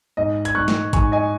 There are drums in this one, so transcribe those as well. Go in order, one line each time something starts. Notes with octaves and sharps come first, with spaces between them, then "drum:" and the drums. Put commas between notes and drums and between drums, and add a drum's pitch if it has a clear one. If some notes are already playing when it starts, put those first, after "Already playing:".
G#2 D#5
G#6, drum: hi-hat
G#2 C#6 F#6
drum: snare
G#2 G#5 C#6, drum: kick, hi-hat
D#5 G#5